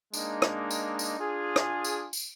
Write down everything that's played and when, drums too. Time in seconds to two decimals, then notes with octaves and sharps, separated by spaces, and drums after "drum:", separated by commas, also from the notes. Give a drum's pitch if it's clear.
0.14 G#3 A#3 D4 D#4, drum: tambourine
0.42 drum: rim click
0.71 drum: tambourine
0.99 drum: tambourine
1.19 D4 F4 G#4
1.56 drum: rim click
1.84 drum: tambourine
2.13 drum: tambourine